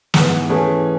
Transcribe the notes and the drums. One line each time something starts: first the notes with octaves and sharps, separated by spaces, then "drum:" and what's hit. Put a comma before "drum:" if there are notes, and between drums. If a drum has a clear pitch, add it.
G#2 E3 B3, drum: snare
E3 A3 C#4 G#4